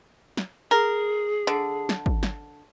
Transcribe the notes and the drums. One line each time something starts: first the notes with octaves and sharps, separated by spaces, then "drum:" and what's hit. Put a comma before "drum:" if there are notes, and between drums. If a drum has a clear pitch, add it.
drum: snare
G#4 A#4
D3
drum: snare
drum: kick
drum: snare